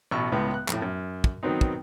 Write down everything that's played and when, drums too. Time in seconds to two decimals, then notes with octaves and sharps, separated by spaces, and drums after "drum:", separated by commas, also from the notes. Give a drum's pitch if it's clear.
0.11 A1 B2 C#6 E6
0.32 C#2 A2 G#3 B3
0.54 F#6
0.68 F2 A2, drum: clap
0.82 F#2
1.24 drum: kick
1.43 D#3 F#3 B3 C4 D#4
1.61 drum: kick